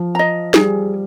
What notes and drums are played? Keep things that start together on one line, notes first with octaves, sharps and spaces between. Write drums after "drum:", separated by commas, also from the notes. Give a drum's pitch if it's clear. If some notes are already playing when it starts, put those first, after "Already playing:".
Already playing: F3
D#5 A#5
G3 G#4, drum: snare